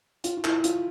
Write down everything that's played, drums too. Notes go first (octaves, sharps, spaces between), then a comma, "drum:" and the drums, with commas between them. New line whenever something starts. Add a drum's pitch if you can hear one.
F4, drum: hi-hat
F4
E4, drum: clap
F4, drum: hi-hat